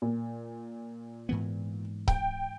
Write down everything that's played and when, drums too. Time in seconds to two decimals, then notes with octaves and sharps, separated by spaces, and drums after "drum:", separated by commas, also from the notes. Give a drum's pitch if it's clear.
0.02 A#2
1.29 G#2 E3 B3
2.08 G5, drum: kick C#1